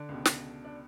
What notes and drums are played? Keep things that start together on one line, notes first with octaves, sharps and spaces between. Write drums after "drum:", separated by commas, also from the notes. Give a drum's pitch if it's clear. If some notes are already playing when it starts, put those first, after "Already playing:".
Already playing: D3 D4
C#2 B2
drum: snare
D4